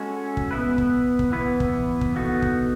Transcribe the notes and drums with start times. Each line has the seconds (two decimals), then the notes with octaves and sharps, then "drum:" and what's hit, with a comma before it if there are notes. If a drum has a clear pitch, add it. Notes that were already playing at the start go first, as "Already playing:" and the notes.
Already playing: G#3 C#4 F#4 A4 C#5
0.37 drum: kick
0.51 B3 E4 B4
0.78 drum: kick
1.19 drum: kick
1.32 E3 B3 E4 B4
1.60 drum: kick
2.01 drum: kick
2.15 B3 D#4 F#4 A4
2.42 drum: kick